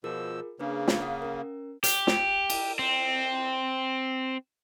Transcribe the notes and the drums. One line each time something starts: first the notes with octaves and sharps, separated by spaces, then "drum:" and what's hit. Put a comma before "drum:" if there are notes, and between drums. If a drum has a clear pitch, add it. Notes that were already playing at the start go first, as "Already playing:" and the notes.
B2 F3 F4 G#4 A#4 E6
C#3 A#3 D4 G#4 B4
drum: snare
F5 F#5 D#6
C#4 A#4
G4, drum: hi-hat
drum: snare
drum: cymbal
C4